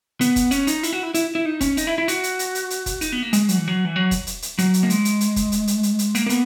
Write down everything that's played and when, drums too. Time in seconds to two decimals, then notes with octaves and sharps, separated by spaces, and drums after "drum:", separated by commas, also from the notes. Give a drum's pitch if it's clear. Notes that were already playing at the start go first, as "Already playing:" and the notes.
0.21 B3, drum: hi-hat
0.36 drum: kick, hi-hat
0.51 C#4, drum: hi-hat
0.67 D#4, drum: hi-hat
0.83 E4, drum: hi-hat
0.93 F#4
1.03 E4
1.14 E4, drum: hi-hat
1.35 E4
1.46 D#4
1.61 C#4, drum: kick, hi-hat
1.77 D#4, drum: hi-hat
1.87 E4
1.98 E4
2.08 F#4, drum: hi-hat
2.23 drum: hi-hat
2.39 drum: hi-hat
2.55 drum: hi-hat
2.70 drum: hi-hat
2.86 drum: kick, hi-hat
3.01 D#4, drum: hi-hat
3.12 B3
3.23 A#3
3.33 G#3, drum: hi-hat
3.49 F#3, drum: hi-hat
3.58 E3
3.68 F#3
3.85 E3
3.96 F#3
4.11 drum: kick, hi-hat
4.27 drum: hi-hat
4.42 drum: hi-hat
4.58 F#3, drum: hi-hat
4.74 drum: hi-hat
4.83 A#3
4.90 G#3, drum: hi-hat
5.05 drum: hi-hat
5.21 drum: hi-hat
5.36 drum: kick, hi-hat
5.52 drum: hi-hat
5.67 drum: hi-hat
5.83 drum: hi-hat
5.99 drum: hi-hat
6.15 A#3, drum: hi-hat
6.26 A#3
6.29 B3, drum: hi-hat